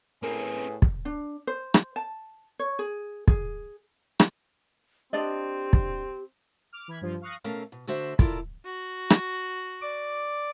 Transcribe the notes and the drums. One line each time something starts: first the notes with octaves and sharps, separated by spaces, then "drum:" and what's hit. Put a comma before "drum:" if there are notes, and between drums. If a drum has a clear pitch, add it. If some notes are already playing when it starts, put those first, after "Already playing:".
A2 C4 C#4 G#4 A#4 B4
drum: kick
D4
C5
drum: rim click
A5
C#5
G#4
G#4, drum: kick
drum: rim click
C4 D4 G4 D5 D#5
drum: kick
D6 F6
E3 B5 G#6
G2 F3 F4
F5 C#6 D#6 F#6 A#6
B2 A3 C#4 A4 A#4 F5
B2
D2 D3 F#4 C5 E5
E4 F4 A4 A#4 D5 A5, drum: kick
F#4
drum: rim click
D5 D6